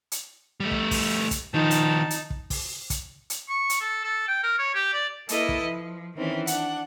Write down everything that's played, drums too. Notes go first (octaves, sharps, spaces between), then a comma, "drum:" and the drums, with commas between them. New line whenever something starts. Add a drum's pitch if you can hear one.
drum: hi-hat
G3 A3
drum: kick
drum: kick, open hi-hat
drum: kick, hi-hat
D#3 F3 D#4 A5
drum: hi-hat
drum: hi-hat
drum: kick
drum: kick, open hi-hat
drum: kick, hi-hat
drum: hi-hat
C#6
drum: hi-hat
A4
A4
G5
A#4
C#5
G4
D5
A#3 E4 A4 B4 D#5, drum: hi-hat
drum: kick
F3
D#3 E3 C4 C#4
D4 F#5, drum: hi-hat